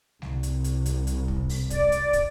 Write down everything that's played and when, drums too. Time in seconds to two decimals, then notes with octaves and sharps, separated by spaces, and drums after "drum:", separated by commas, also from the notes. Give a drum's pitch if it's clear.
0.22 C2, drum: snare G3
0.43 drum: hi-hat
0.64 drum: hi-hat
0.86 drum: hi-hat
1.07 drum: hi-hat
1.28 drum: kick
1.49 drum: open hi-hat
1.70 D5, drum: kick, hi-hat
1.92 drum: hi-hat
2.13 drum: kick, hi-hat